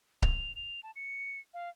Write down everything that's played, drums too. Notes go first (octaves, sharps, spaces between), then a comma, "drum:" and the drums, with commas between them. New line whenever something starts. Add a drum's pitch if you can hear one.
F7, drum: kick C#1
F7
A5
C#7
F5